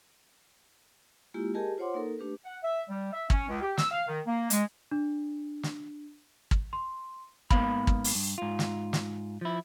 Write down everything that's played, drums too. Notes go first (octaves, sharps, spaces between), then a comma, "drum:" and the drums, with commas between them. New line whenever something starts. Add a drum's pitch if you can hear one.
G#3 A#3 E4 F4 G4
G4 G#4 A#4 D#5 G#5 A5
F4 C5 C#5 F#5 C6 D6
A#3 D#4 A4 A#4
A3 D4 G4 B4
F#5
E5
G3
E5
C#4, drum: kick
C#2
G4
E6, drum: snare
F5
D#3
A#3
G#3, drum: hi-hat
D4
drum: snare
drum: kick
C6
G#2 A#3 B3 F5 B5, drum: kick
drum: kick
drum: open hi-hat
G2
G#2 F4
drum: snare
drum: snare
F3 E4